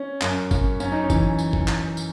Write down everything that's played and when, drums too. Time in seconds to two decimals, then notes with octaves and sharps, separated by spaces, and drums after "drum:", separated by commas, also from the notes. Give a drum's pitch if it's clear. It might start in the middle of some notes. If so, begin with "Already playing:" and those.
Already playing: C#4
0.21 F#2, drum: clap
0.51 F#2, drum: kick, tambourine
0.80 F#2 C#4, drum: tambourine
0.92 D#4
1.04 C#4
1.10 E3, drum: kick, tambourine
1.39 drum: tambourine
1.53 drum: kick
1.68 drum: clap
1.97 drum: tambourine